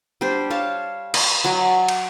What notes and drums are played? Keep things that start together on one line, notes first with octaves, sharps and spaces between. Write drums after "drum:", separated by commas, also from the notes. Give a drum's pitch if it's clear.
G3 D4 C5
C#5 F5 A5
D#5, drum: cymbal
F#3 C#5
drum: cymbal